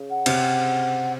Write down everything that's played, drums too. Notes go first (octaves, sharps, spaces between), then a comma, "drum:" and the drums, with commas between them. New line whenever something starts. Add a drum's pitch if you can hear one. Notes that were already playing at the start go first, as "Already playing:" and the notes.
Already playing: C#3 C#4
F#5
C3 C4, drum: cymbal